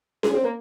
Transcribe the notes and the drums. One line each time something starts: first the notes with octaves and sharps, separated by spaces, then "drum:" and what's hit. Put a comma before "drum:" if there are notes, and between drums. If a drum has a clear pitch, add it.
G#4, drum: snare C#4
C4
A#3